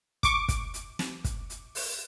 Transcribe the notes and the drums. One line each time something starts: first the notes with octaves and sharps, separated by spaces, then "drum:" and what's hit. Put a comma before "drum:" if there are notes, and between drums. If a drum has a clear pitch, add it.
C#6 D6, drum: kick, hi-hat
drum: kick, hi-hat
drum: hi-hat
drum: snare
drum: kick, hi-hat
drum: hi-hat
drum: open hi-hat